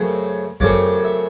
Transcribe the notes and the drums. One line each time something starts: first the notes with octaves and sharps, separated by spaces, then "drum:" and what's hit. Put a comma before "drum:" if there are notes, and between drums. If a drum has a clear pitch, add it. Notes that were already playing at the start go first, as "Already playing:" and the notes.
Already playing: F#2 C#3 F#3 A3 C4
F#2 C#3 F#3 A3 C4 D5, drum: kick F#2
E5